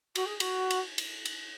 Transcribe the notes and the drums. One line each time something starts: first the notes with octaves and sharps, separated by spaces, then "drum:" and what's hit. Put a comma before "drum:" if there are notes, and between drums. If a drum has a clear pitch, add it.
F#4, drum: cymbal
G#4
G#4
F#4, drum: cymbal
drum: cymbal
drum: cymbal
drum: cymbal